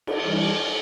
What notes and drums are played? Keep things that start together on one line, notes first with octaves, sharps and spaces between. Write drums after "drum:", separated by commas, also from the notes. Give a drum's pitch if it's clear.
drum: cymbal
G2 E3 G3